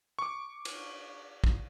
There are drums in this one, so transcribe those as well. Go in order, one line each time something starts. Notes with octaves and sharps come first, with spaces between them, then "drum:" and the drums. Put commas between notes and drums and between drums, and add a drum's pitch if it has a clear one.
C#6 D6
drum: cymbal
drum: kick